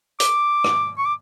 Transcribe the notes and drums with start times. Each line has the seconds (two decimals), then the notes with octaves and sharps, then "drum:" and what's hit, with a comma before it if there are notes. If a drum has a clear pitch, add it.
0.20 D6, drum: hi-hat
0.64 drum: rim click
0.98 C#6
1.06 D6